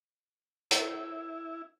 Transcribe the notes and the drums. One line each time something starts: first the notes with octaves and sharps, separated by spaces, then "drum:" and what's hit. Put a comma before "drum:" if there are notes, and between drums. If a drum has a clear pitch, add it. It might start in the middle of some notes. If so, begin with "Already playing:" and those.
E4, drum: hi-hat